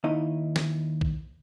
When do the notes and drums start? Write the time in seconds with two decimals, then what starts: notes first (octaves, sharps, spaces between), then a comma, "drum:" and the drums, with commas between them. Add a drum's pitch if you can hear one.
0.04 D#2 D#4 E4 D#5
0.56 drum: snare
1.01 drum: kick B1